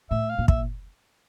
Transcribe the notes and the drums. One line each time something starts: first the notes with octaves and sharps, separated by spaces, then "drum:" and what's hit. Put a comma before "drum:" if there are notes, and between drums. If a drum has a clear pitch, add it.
A2 E5
F5
A#2
E5, drum: kick